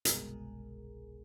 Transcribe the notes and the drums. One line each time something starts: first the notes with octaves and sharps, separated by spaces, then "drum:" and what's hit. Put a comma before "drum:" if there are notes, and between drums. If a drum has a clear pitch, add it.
G1 C2 B2 G#3 G#4 A#4, drum: hi-hat